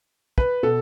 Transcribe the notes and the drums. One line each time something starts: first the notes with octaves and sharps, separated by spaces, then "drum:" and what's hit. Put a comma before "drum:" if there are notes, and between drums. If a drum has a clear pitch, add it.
B4, drum: kick
B2 A4